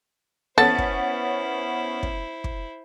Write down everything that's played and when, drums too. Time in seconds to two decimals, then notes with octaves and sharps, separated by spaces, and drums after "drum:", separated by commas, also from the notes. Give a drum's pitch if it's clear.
0.58 B3 C#4 E4 A4 C5 A6
0.78 drum: kick
2.03 drum: kick
2.44 drum: kick